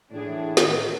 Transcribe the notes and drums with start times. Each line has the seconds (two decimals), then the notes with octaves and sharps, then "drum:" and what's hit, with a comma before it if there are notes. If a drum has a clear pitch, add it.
0.12 A2 E3 D4 G#4
0.57 D#3, drum: snare